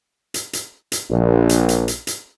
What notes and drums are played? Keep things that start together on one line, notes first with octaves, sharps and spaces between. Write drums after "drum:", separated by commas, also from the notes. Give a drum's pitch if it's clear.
drum: hi-hat
drum: hi-hat
drum: hi-hat
A#1
drum: hi-hat
drum: hi-hat
drum: hi-hat
drum: hi-hat